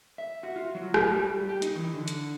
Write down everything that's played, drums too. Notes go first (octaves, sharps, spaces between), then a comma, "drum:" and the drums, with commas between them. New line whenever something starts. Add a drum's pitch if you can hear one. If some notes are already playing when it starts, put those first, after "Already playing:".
E5
F#4
F4
F#3
A2, drum: rim click
G3
G4
D#4, drum: hi-hat
E3
D3
drum: hi-hat